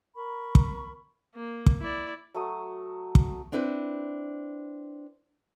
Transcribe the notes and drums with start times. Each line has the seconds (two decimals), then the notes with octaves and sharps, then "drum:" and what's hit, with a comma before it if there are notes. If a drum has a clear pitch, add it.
0.15 A#4 B5 C#6
0.55 drum: kick
1.35 A#3
1.66 drum: kick
1.81 E4 D5
2.34 F#3 A3 D#6
3.15 drum: kick
3.52 C4 D4 E4 B4 C5